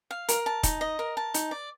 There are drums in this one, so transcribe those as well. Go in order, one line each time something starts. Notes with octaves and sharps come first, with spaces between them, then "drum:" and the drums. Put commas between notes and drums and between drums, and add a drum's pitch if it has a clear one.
F5
A#4, drum: hi-hat
A5
D#4, drum: kick, hi-hat
D#5
A#4
A5
D#4, drum: hi-hat
D5